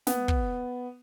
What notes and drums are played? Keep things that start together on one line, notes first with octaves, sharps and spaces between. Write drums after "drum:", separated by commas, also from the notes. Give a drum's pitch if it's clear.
B3, drum: snare
drum: kick